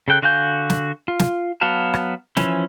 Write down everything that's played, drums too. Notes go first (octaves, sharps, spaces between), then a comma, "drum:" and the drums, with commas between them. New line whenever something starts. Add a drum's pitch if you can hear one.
C#3 A4 G5 F#6
D3 F#4 F5 G#5 G6
drum: snare
F4
drum: snare
F#3 B3 F#4 F5 A5
drum: rim click
E3 F3 C#4 E4, drum: snare